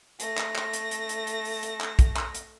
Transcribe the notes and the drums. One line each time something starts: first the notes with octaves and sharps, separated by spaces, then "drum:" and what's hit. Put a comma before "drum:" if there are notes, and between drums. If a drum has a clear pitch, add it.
A3 A#6, drum: hi-hat
drum: clap
drum: clap
drum: hi-hat
drum: hi-hat
drum: hi-hat
drum: hi-hat
drum: open hi-hat
drum: hi-hat
drum: clap
drum: kick, hi-hat
drum: clap
drum: hi-hat